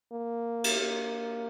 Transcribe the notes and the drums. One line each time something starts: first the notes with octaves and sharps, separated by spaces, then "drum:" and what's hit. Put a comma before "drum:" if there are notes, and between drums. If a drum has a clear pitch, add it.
A#3
drum: cymbal
A#3